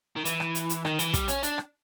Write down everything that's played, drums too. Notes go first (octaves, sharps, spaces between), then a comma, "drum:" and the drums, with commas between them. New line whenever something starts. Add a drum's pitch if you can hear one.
D#3
E3, drum: hi-hat
drum: rim click
drum: hi-hat
drum: hi-hat
D#3, drum: rim click
E3, drum: hi-hat
G3, drum: kick, hi-hat
C#4, drum: hi-hat
D4, drum: hi-hat
drum: rim click